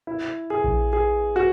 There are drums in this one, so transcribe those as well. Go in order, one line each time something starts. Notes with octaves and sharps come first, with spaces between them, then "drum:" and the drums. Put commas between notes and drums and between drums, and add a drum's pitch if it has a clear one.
E4
G#4
drum: kick A#1
G#4
F#4